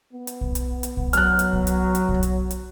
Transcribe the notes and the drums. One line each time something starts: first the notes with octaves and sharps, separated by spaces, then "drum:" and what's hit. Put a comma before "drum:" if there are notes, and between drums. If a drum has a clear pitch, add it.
B3
drum: hi-hat
drum: kick
drum: hi-hat
drum: hi-hat
drum: kick
F#3 F6 F#6, drum: hi-hat
drum: hi-hat
drum: kick
drum: hi-hat
drum: hi-hat
drum: kick
drum: hi-hat
drum: hi-hat